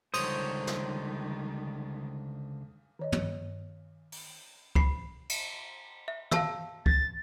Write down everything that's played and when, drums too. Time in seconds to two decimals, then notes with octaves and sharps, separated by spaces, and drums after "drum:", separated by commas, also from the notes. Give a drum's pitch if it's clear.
0.14 C#2 D3 D#3 G3 C5 C#5 D#6, drum: cymbal
0.67 drum: snare
2.99 D#3 C#5 D#5
3.12 drum: tom
4.12 drum: open hi-hat
4.75 B5 C7, drum: kick C#2
5.29 drum: cymbal
6.08 E5
6.31 F5 A5 E6, drum: tom
6.86 A6, drum: kick C#2